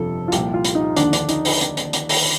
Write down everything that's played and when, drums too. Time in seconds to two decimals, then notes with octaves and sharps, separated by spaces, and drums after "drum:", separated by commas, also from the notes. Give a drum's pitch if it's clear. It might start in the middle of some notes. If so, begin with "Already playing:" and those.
Already playing: G1 F2 C3 F3 A4
0.28 F4
0.32 C2 A#2 F3 G4, drum: hi-hat
0.54 F4
0.65 drum: hi-hat
0.75 D#4
0.96 D#2 D3 F3 D4, drum: hi-hat
1.13 D4, drum: hi-hat
1.29 D#4, drum: hi-hat
1.45 drum: open hi-hat
1.61 drum: hi-hat
1.77 drum: hi-hat
1.93 drum: hi-hat
2.09 drum: open hi-hat